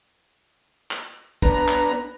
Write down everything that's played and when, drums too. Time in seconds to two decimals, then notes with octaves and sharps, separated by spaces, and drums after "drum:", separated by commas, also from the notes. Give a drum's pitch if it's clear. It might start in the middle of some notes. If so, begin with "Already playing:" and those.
0.91 drum: clap
1.42 B3 D4 B4 A#5, drum: kick
1.68 drum: clap